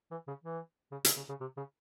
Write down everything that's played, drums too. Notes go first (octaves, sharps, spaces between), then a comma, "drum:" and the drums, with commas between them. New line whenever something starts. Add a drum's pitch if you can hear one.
E3
C#3
E3
C#3
C#3, drum: hi-hat
C#3
C#3
C3
C#3